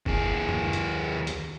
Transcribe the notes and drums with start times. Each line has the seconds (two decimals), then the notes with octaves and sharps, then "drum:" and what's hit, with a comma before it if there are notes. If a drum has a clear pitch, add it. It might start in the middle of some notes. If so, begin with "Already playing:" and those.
0.06 D#2 G#4, drum: kick F1
0.49 drum: tom F#2
0.73 drum: hi-hat
1.27 drum: hi-hat